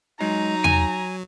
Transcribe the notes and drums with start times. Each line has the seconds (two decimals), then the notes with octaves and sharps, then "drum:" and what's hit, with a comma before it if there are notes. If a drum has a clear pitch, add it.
0.20 F#3 G#3 D#4 A#5
0.64 G#5, drum: tom E2